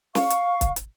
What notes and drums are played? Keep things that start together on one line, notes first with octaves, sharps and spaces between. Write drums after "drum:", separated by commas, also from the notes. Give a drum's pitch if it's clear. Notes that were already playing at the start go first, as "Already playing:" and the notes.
F5 C#6, drum: snare
drum: hi-hat
drum: kick, hi-hat
drum: hi-hat